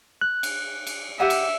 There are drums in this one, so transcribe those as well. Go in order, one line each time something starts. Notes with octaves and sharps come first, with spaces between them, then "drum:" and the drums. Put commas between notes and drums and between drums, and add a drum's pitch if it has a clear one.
F#6
drum: cymbal
drum: cymbal
G4 E5 F#5 G#5
drum: cymbal